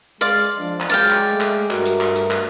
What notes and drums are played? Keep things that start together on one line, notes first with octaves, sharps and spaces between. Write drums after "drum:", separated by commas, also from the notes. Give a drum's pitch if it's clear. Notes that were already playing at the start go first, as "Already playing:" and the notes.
G#3 D5 F5 C6
F3 D4
drum: clap
F#3 G#3 D5 F5 G5
drum: clap
A3
drum: clap
G2 A3 F#4 A#4, drum: clap
drum: hi-hat
drum: clap
drum: hi-hat
drum: clap